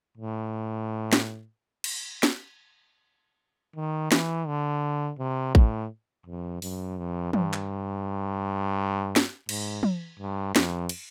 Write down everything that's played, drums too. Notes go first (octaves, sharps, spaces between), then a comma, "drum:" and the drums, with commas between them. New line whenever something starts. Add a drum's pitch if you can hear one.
A2
drum: snare
drum: cymbal
drum: snare
D#3
E3, drum: snare
D3
C3
A2, drum: kick
F2
F#2, drum: open hi-hat
F2
G2, drum: tom
drum: clap
drum: snare
G#2, drum: cymbal
drum: tom
G2
F2, drum: snare
drum: cymbal